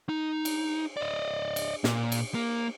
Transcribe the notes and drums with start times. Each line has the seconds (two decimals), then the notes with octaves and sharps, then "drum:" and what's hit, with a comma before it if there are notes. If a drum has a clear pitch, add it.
0.09 D#4
0.45 drum: cymbal
0.97 D5 D#5
1.56 drum: cymbal
1.84 A#2, drum: snare
2.12 drum: cymbal
2.35 A#3